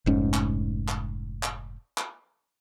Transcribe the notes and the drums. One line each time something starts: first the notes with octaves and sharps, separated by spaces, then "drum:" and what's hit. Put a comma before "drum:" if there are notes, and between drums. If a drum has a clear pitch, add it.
F1 G#2 C#4
drum: clap
drum: clap
drum: clap
drum: clap